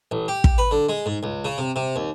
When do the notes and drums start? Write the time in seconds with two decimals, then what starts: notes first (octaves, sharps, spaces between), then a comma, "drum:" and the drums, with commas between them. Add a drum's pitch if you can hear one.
0.11 A1
0.28 G4
0.44 drum: kick
0.58 B4
0.71 D3
0.89 G#3
1.06 G#2
1.23 C#2
1.45 C#3
1.58 C3
1.76 C3
1.96 D#2